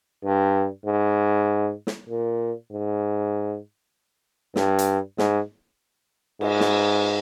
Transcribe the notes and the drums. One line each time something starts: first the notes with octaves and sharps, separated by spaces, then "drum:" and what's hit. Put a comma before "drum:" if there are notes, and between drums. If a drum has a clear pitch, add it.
G2
G#2
drum: snare
A#2
G#2
G2, drum: snare
drum: hi-hat
G#2, drum: snare
G#2, drum: cymbal
drum: snare